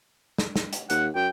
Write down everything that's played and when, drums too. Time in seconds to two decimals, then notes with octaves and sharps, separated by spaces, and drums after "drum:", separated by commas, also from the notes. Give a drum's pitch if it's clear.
0.38 drum: snare
0.56 drum: snare
0.73 drum: hi-hat
0.90 D#2 F#5, drum: hi-hat
1.15 F#2 G5